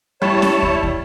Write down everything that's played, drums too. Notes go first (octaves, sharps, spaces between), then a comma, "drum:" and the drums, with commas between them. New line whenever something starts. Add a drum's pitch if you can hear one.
G3 E4 C#5 A5
drum: snare
drum: kick
drum: kick